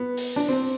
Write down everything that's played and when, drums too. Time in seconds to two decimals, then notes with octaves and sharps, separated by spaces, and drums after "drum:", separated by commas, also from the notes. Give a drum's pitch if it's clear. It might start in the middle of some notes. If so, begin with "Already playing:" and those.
Already playing: B3
0.17 drum: open hi-hat
0.36 D4
0.49 C4